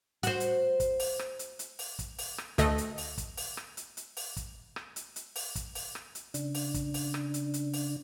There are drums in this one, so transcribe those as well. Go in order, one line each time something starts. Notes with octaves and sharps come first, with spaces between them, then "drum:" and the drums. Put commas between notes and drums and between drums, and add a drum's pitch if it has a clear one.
F#4 C5, drum: hi-hat
drum: hi-hat
drum: kick, hi-hat
drum: open hi-hat
drum: rim click
drum: hi-hat
drum: hi-hat
drum: open hi-hat
drum: kick, hi-hat
drum: open hi-hat
drum: rim click
D2 A3 D#5, drum: hi-hat
drum: hi-hat
drum: open hi-hat
drum: kick, hi-hat
drum: open hi-hat
drum: rim click
drum: hi-hat
drum: hi-hat
drum: open hi-hat
drum: kick, hi-hat
drum: rim click
drum: hi-hat
drum: hi-hat
drum: open hi-hat
drum: kick, hi-hat
drum: open hi-hat
drum: rim click
drum: hi-hat
C#3 D4, drum: hi-hat
drum: open hi-hat
drum: kick, hi-hat
drum: open hi-hat
drum: rim click
drum: hi-hat
drum: hi-hat
drum: open hi-hat